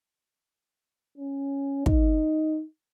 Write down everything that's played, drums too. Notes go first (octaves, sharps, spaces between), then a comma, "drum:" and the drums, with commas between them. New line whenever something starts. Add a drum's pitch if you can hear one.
C#4
D#4, drum: kick